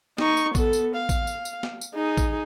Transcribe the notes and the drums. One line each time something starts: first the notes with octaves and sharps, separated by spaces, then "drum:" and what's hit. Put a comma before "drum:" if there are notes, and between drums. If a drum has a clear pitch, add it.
D#4 C#6, drum: snare
drum: tambourine
B3 A4, drum: kick A1, tambourine
drum: tambourine
F5
drum: kick A1, tambourine
drum: tambourine
drum: tambourine
drum: snare
drum: tambourine
D#4 G#4
drum: kick A1, tambourine